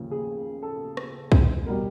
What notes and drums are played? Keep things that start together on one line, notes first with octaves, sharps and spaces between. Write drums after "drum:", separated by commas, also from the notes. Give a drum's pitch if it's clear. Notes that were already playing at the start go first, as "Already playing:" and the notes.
Already playing: D#2 C#3 F3
G#4
A4
drum: rim click
drum: kick
B2 G3 A#4